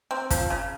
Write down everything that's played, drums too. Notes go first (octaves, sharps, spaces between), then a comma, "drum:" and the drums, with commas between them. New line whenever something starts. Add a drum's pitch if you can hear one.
C4
F3, drum: kick, hi-hat
C#3